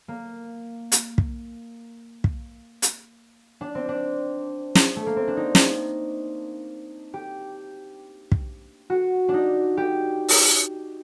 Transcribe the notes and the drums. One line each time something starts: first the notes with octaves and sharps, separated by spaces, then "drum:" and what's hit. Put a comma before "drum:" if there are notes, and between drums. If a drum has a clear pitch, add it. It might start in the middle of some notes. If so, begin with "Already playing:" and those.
A#3
drum: hi-hat
drum: kick
drum: kick
drum: hi-hat
D4
C4
D4
drum: snare
A3
A#3
C4
D4
D#4
drum: snare
G4
drum: kick
F#4
D4 D#4
G4
drum: open hi-hat